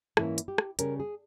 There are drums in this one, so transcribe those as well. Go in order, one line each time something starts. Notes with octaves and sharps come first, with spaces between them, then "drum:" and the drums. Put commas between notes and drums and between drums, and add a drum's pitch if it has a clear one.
G#2 E3 A#3 C#4 E4, drum: rim click
drum: hi-hat
G4
drum: rim click
C#3 G3 C#4 A#4, drum: hi-hat
G#4